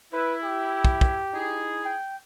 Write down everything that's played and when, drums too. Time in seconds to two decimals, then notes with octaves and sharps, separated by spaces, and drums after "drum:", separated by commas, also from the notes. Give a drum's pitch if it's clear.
0.13 E4 B4
0.43 G4
0.85 drum: kick
1.01 drum: kick
1.34 D#4 E4 G#4
1.85 G5